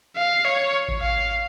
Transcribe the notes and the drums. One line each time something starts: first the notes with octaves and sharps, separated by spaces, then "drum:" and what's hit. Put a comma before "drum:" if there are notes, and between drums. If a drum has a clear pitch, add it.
F5
C#5
drum: kick A1
F5